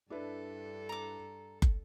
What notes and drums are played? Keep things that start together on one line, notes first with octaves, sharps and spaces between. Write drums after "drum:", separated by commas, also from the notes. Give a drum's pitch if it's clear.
G2 D4 E4 A4 B4
A#5 D6
drum: kick